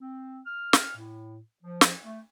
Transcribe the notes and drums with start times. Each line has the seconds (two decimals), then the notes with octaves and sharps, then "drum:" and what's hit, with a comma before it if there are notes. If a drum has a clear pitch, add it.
0.01 C4
0.46 F6
0.73 drum: snare
0.96 A2
1.63 F3
1.81 drum: snare
2.05 A3